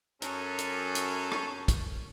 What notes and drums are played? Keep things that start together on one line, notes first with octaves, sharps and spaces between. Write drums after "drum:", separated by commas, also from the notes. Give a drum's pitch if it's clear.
F#2 C#4 A4 C#5, drum: hi-hat
drum: hi-hat
drum: hi-hat
drum: rim click
drum: kick, hi-hat